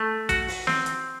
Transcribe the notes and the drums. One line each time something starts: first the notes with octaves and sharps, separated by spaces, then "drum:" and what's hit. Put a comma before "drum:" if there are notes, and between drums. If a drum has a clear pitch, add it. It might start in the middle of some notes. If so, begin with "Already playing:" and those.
Already playing: A3
F#4, drum: kick, hi-hat
drum: open hi-hat
C4, drum: snare
drum: hi-hat